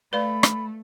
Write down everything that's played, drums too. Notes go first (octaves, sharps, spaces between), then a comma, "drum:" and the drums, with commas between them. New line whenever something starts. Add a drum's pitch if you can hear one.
A3 B4 D5 F5 B5
drum: rim click